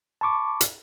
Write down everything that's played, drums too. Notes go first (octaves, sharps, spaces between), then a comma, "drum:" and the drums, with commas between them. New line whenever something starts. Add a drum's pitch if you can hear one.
A5 B5 C#6 D6
drum: hi-hat